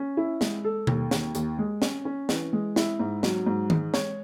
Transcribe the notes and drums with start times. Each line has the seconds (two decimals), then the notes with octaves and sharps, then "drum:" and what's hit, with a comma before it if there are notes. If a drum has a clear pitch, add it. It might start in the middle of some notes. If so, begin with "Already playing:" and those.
Already playing: C#4
0.17 E4
0.41 G#3, drum: snare
0.64 A4
0.87 D#2, drum: tom B2
1.11 D#2, drum: snare
1.35 D#2, drum: hi-hat
1.58 G#3
1.82 C#4, drum: snare
2.05 C#4
2.29 E3, drum: snare
2.53 G#3
2.76 E4, drum: snare
2.99 G#2
3.23 F#3, drum: snare
3.46 G#2
3.70 G#3, drum: tom D#3
3.94 C#5, drum: snare